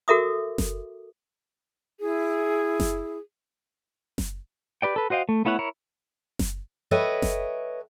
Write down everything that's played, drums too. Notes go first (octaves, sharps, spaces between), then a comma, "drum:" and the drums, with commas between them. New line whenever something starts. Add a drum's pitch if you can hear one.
F#4 A4 A#4 E5 D6 D#6
drum: snare F#1
E4 G#4
drum: snare F#1
drum: snare F#1
G4 B4 D5 G5
A4 B4
F#4 C5 D#5 F5 G5
A3
A3 B3 E4 C#5 F#5
E4 A#4 C#5
drum: snare F#1
A4 B4 C#5 D#5 E5 G5
drum: snare F#1